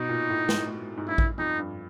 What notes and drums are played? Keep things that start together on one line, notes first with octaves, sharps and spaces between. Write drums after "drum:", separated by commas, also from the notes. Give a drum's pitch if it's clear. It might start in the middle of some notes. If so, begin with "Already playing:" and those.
Already playing: B2 D#4
A#2
A2
G#2, drum: snare
G#2
G2 E4
drum: kick A1
F2 D#4
G2